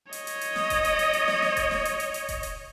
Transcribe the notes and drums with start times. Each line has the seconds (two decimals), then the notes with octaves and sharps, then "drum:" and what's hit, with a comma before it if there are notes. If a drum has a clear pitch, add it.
0.13 C#5 D#5, drum: hi-hat
0.27 drum: hi-hat
0.41 drum: hi-hat
0.56 drum: snare
0.70 drum: kick E1, hi-hat
0.85 drum: hi-hat
0.99 drum: hi-hat
1.13 drum: hi-hat
1.28 drum: snare
1.42 drum: snare
1.57 drum: kick E1, hi-hat
1.71 drum: snare
1.85 drum: hi-hat
2.00 drum: hi-hat
2.14 drum: hi-hat
2.29 drum: kick E1, hi-hat
2.43 drum: hi-hat